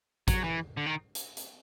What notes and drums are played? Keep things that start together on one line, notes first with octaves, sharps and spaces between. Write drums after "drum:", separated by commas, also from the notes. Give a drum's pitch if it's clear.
F#3, drum: kick, hi-hat
E3
D3
D#3
drum: hi-hat
drum: hi-hat